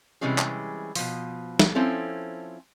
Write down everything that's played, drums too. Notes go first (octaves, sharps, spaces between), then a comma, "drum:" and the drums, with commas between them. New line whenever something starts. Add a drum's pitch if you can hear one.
C3 E3 G3 G#3 C#4 G#4
drum: clap
B2 F3, drum: open hi-hat
drum: snare
F3 C4 C#4 E4 A4